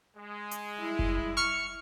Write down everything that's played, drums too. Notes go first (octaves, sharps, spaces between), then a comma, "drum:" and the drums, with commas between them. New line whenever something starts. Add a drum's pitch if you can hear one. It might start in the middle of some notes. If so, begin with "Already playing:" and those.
G#3
drum: hi-hat
G3 E4
drum: kick F#1
C#6 F6 C#7